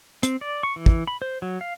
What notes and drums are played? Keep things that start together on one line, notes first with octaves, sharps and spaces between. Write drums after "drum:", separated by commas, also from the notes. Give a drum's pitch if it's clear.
C4, drum: hi-hat
D5
C#6
E3
drum: kick
B5
C5
F#3
F5